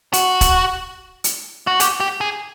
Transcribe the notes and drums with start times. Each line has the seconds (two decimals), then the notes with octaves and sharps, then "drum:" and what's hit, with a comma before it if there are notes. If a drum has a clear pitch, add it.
0.13 F#4, drum: hi-hat
0.41 drum: kick, hi-hat
1.24 drum: hi-hat
1.67 F#4
1.80 G4, drum: hi-hat
2.00 G4
2.21 G#4